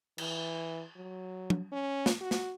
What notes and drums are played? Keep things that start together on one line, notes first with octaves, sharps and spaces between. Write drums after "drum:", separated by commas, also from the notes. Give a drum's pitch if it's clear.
E3, drum: cymbal
F#3
drum: tom F3
C#4
drum: snare
F#4
drum: snare